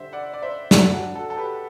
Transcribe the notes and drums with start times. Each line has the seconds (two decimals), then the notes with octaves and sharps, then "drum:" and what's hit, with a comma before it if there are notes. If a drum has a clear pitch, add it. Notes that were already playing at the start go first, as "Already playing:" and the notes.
Already playing: D3 G3 C5 E5
0.13 D5 F#5
0.33 D5
0.42 C5 E5
0.71 D3 G3 D4 F#4, drum: snare
0.93 D4 F#4
1.15 F#4 A4
1.30 A4
1.37 G4 B4